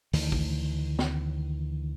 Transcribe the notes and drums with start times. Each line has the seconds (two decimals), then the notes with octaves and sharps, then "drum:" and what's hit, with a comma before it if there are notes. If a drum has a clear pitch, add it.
0.13 D2 D#3 E3, drum: open hi-hat
0.32 drum: kick
0.99 drum: snare